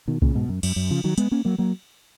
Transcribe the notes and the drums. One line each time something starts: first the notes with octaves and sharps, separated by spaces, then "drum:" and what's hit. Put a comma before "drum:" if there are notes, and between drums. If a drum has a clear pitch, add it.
B2 D#3
A#2 C#3, drum: kick C2
G#2 B2
F#2
F#2, drum: cymbal
F#2
C#3 F3
D#3 F#3
G#3 B3, drum: hi-hat
A#3 C#4
F#3 A#3
F#3 A#3